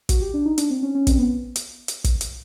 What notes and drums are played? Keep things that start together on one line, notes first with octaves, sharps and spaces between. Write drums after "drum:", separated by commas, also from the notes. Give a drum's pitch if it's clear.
F#4, drum: kick, hi-hat
G4
D4
D#4
D4, drum: hi-hat
C4
C#4
C#4
C4, drum: kick, hi-hat
B3
drum: hi-hat
drum: hi-hat
drum: kick, hi-hat
drum: hi-hat